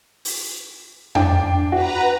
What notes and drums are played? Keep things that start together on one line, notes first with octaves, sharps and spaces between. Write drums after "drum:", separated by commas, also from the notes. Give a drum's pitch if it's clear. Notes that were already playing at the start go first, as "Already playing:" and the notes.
drum: open hi-hat
D4 G5, drum: tom F2
F#4 B4 A#5